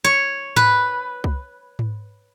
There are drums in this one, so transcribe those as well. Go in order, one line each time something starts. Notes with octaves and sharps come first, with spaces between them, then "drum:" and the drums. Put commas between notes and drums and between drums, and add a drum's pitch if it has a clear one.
C#5
B4, drum: tom G#2
drum: kick C2
drum: tom G#2